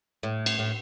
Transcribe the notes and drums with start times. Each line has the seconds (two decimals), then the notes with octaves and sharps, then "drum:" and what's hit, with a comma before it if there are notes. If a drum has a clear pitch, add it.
0.23 A2
0.46 drum: cymbal
0.59 A2